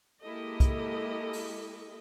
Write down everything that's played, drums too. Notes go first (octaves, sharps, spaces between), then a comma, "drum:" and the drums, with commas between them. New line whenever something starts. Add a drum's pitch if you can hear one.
G#3 A#3 E4 G4 A4 D#5
drum: kick, hi-hat
drum: open hi-hat